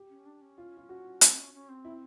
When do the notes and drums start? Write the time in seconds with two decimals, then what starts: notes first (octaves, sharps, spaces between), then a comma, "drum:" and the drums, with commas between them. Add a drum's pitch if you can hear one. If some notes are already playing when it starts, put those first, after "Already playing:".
Already playing: G4
0.10 C#4
0.26 D4
0.41 C#4
0.58 F4
0.77 F4
0.89 F#4
1.21 C4, drum: hi-hat
1.37 C#4
1.54 C#4
1.69 C4
1.85 E4